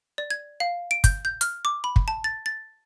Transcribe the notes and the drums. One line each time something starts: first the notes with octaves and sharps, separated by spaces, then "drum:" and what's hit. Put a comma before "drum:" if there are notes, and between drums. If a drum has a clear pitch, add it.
D5
G#6
F5
D7
G6, drum: kick, hi-hat
G6
F6, drum: hi-hat
D6
B5
drum: kick
A5
A6
A6